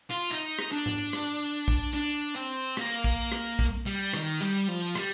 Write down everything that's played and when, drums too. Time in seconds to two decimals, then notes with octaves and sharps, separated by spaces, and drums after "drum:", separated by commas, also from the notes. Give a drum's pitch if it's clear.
0.11 F4
0.31 D#4
0.59 drum: rim click
0.72 D4
0.86 drum: tom G#2
1.13 drum: rim click
1.68 drum: kick A#1
1.95 D4
2.36 C4
2.77 A#3, drum: rim click
3.04 drum: kick A#1
3.32 drum: rim click
3.59 drum: kick A#1
3.86 G3
4.14 D#3, drum: rim click
4.40 G3
4.68 F3
4.95 G3, drum: rim click